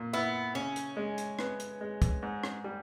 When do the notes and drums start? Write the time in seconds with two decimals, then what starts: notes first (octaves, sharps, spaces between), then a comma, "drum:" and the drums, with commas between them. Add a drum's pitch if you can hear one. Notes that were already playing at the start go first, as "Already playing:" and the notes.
Already playing: A#2
0.13 B3 E4
0.55 C#3 C#4
0.76 drum: hi-hat
0.97 G#3
1.18 drum: hi-hat
1.39 B3, drum: rim click
1.60 drum: hi-hat
1.81 G#3
2.02 drum: kick, hi-hat
2.22 G#2
2.43 drum: rim click
2.64 G3